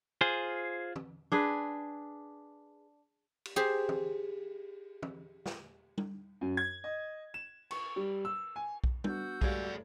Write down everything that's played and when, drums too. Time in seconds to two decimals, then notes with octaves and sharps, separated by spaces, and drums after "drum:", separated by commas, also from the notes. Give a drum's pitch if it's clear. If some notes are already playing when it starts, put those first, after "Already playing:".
0.21 F4 G#4 C5
0.96 drum: tom
1.32 D4 G#4 B4
3.45 drum: cymbal
3.56 G4 G#4 C5
3.89 drum: tom
5.02 drum: tom
5.46 drum: snare
5.98 drum: tom G3
6.41 F#2
6.57 G#6
6.84 D#5
7.34 E7
7.71 C#6, drum: cymbal
7.96 G3
8.25 E6
8.56 G#5
8.84 drum: kick B1
9.04 B3 D4 F#4 E6 G6, drum: tom G3
9.42 G1 G#3 A3 G4 G#4 D5 F5 G#6, drum: kick B1